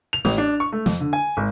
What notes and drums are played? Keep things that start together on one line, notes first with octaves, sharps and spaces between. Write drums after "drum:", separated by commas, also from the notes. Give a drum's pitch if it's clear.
F7
A1, drum: snare
D4
C#6
A3
F2, drum: snare
D3
G#5
G#1